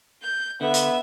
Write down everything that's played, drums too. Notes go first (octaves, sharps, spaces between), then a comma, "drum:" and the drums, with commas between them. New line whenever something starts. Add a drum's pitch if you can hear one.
G6
D3 B3 E5
drum: hi-hat